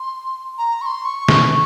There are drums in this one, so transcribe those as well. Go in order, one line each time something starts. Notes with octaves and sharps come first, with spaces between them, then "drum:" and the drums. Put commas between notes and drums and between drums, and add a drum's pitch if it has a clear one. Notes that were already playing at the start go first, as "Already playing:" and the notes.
Already playing: C6
A#5
C#6
C6
C#6
drum: snare